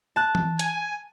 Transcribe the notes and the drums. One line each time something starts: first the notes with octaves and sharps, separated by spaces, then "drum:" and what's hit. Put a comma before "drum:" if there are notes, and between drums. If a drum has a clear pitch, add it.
A5 F#6
drum: tom E3
G#5, drum: hi-hat